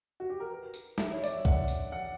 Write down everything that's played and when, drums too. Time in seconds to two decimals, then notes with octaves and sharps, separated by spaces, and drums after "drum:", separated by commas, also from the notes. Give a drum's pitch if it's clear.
0.20 F#4
0.30 G4
0.40 A#4
0.50 B4
0.74 drum: tambourine
0.98 E5, drum: snare
1.13 C#5
1.24 D5, drum: tambourine
1.33 E5
1.45 F#5, drum: kick B1
1.68 drum: tambourine
1.92 F#5